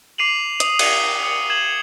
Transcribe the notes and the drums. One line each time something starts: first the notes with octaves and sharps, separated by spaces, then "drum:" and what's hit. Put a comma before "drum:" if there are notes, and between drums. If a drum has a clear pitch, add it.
D6 C7 D#7 F7 F#7
D#6, drum: hi-hat
D#6 C#7 D#7 G7, drum: cymbal
D#7
D#6 C#7
G#6 E7 F#7